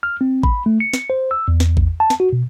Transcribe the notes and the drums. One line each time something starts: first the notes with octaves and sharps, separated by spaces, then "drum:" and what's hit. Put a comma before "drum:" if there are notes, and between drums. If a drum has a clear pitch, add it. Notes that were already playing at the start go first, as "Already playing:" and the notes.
F6
C4
B5, drum: kick A1
A3
C#7
drum: snare
C5
E6
E2
drum: snare
drum: kick A1
A5
drum: snare
F#4
B2